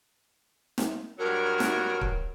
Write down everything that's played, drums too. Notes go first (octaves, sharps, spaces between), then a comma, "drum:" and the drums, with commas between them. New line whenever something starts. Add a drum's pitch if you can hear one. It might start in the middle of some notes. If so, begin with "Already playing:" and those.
drum: snare
G2 F#3 A#4
drum: snare
drum: kick